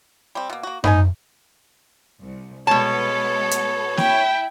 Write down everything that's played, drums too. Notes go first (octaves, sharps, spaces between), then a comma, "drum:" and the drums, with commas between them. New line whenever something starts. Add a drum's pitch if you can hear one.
G3 C4
B2 A#3
A#3 F#4
D#4 B4 G5 G#5, drum: tom F#2
C2
B2 G#3 B3 A4 C#5 A5
drum: hi-hat
E4 E5 G5, drum: snare A#3